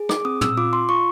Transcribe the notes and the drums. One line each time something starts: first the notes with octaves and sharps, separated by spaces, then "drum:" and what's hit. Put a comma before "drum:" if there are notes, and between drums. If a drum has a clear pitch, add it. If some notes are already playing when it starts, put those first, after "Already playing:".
Already playing: G#4
D6, drum: rim click
C4 D#6
E6, drum: tom
F4 D6
C6
F4 C#6